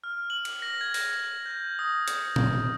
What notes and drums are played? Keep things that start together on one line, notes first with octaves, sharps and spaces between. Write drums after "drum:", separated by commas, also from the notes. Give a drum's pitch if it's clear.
F6
F#7
drum: cymbal
A#6
G#6
drum: open hi-hat
G6
D#6
drum: hi-hat
drum: tom A#2